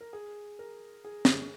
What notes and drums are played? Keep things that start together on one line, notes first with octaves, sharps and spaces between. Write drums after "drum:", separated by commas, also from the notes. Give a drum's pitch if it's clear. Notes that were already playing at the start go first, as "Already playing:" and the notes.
A#4
G#4
A#4
G#4
drum: snare